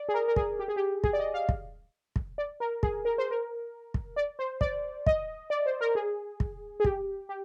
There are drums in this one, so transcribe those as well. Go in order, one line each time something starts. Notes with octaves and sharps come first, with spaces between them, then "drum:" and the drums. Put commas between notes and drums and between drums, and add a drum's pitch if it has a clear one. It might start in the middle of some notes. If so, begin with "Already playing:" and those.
Already playing: D5
G#4
A#4
A#4
G#4, drum: kick
G4
G#4
G4
G#4, drum: kick
D5
D#5
F5
drum: kick
drum: kick
D5
A#4
G#4, drum: kick
A#4
C5
A#4
drum: kick
D5
C5
D5, drum: kick
D#5, drum: kick
D5
C5
A#4
G#4
drum: kick
G#4
G4, drum: kick
G4